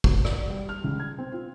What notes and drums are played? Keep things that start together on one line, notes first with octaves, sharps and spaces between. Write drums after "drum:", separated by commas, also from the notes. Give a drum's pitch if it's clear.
F#4, drum: kick
D5, drum: rim click
G3
F6
C#2
G#6
C4
F4